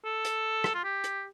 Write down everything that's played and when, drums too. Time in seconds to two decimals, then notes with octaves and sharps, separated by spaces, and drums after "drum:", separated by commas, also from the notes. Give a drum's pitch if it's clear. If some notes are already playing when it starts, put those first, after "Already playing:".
0.05 A4
0.25 drum: hi-hat
0.64 drum: rim click
0.74 F4
0.84 G4
1.04 drum: hi-hat